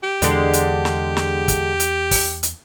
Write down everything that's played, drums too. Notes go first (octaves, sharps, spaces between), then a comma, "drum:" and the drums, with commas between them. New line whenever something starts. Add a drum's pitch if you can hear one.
G4
E2 D3 G#3, drum: hi-hat
drum: hi-hat
drum: snare
drum: snare
drum: kick, hi-hat
drum: hi-hat
drum: kick, open hi-hat
drum: hi-hat